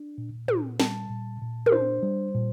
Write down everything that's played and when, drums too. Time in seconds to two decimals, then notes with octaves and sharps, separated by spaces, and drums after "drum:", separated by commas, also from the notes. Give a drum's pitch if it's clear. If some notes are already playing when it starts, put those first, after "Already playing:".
Already playing: D4
0.18 A#2
0.48 A#2, drum: tom
0.80 G3 A5, drum: snare
1.10 A#2
1.42 A#2
1.66 A#4, drum: tom
1.72 D4 C5
2.03 G3
2.35 A#2